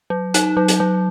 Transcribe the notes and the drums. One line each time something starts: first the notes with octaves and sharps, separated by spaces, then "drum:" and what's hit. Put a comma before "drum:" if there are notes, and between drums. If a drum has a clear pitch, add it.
F#3
D#4, drum: hi-hat
F#3
drum: hi-hat
F#3